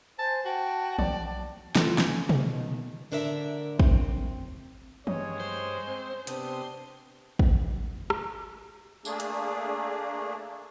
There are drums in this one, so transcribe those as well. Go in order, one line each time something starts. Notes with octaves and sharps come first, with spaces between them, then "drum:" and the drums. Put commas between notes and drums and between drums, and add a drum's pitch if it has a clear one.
C5 G#5 A5
F#4 G5 A5
B1 D5, drum: tom
E4 F4 G#4 A4 B4 F5, drum: snare
C#4 D#4, drum: snare
B2 D#3, drum: tom
A2 D3 D4 A#4 B4 E5
C4, drum: kick
G2 G#3 C#5 D#5, drum: tom
C5
C4
C3 B3 D4 G4 D#6, drum: hi-hat
drum: kick
drum: rim click
A3 A#3 D4 G#4, drum: tambourine
drum: hi-hat